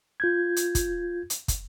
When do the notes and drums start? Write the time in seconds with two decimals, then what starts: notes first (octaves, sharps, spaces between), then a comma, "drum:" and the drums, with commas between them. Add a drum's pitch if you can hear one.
0.20 F4 G6 G#6
0.56 drum: hi-hat
0.75 drum: kick, hi-hat
1.30 drum: hi-hat
1.48 drum: kick, hi-hat